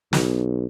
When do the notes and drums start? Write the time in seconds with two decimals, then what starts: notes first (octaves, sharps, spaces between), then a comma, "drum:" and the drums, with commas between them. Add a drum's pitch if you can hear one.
0.13 B1, drum: snare